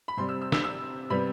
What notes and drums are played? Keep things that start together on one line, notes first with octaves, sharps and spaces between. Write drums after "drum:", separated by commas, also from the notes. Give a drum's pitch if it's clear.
B5
C3 G3 C4 C6
E6
E6
E6, drum: snare
E6
C3 G3 B3 B5